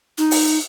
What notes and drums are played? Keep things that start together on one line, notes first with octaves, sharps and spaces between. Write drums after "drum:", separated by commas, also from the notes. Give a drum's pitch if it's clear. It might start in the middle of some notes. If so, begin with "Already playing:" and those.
D#4
drum: open hi-hat